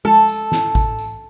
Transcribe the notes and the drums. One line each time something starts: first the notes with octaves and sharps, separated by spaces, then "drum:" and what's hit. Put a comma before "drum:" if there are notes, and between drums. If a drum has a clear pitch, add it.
A4, drum: tom G#3
drum: tambourine
drum: snare
drum: kick G#1, tambourine
drum: tambourine